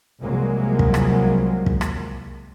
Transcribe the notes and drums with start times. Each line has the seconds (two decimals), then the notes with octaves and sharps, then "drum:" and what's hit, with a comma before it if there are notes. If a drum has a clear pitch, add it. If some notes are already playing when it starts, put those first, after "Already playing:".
0.21 C2 F3 F#3 G#3 A#3
0.79 drum: kick
0.94 drum: rim click
1.66 drum: kick
1.81 drum: rim click